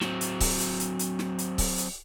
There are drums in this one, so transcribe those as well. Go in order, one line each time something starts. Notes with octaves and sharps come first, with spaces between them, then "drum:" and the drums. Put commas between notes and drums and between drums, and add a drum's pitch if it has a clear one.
F#3 C4, drum: snare
drum: hi-hat
drum: kick C#1, open hi-hat
drum: hi-hat
drum: hi-hat
drum: hi-hat
drum: snare
drum: hi-hat
drum: kick C#1, open hi-hat
drum: hi-hat